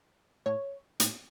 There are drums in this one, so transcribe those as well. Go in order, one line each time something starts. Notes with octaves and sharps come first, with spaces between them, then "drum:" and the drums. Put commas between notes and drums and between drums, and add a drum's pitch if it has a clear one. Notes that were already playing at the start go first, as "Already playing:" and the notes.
A2 C#5
A2, drum: hi-hat